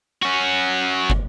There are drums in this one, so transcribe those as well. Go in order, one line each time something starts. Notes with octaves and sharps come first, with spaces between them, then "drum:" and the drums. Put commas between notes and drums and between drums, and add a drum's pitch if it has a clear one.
C#4 F#4
drum: kick